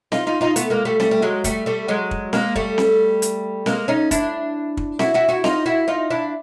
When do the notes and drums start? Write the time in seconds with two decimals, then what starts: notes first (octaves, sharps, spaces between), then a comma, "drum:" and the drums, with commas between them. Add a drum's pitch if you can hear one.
0.12 D#4 F4, drum: snare C4
0.27 D#4 F4
0.41 D#4 F4
0.56 A3 B3, drum: hi-hat
0.70 G#3 A#3
0.85 G3 A3
1.00 G3 A3, drum: snare C4
1.11 G3
1.22 F#3 G#3
1.44 G3 A3, drum: kick, hi-hat
1.66 G3 A3
1.88 F#3 G#3
2.11 drum: kick
2.33 G#3 A#3, drum: snare C4
2.56 G3 A3, drum: kick
2.78 drum: snare C4
3.22 drum: hi-hat
3.66 G#3 A#3, drum: snare C4
3.88 C#4 D#4
4.11 D4 E4, drum: kick, hi-hat
4.77 drum: kick
4.99 E4 F#4, drum: snare C4
5.14 E4 F#4
5.29 E4 F#4
5.44 D#4 F4, drum: snare C4
5.66 E4 F#4
5.88 D#4 F4
6.10 D4 E4